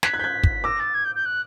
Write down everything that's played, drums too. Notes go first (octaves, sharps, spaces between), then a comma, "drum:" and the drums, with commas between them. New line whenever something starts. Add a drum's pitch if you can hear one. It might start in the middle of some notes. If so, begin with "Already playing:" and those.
F#6 G#6 B6, drum: snare
F#6 G#6
G6 B6
F#6 G#6
drum: kick
D6 E6 A#6
A6
G#6
G6
G6
F#6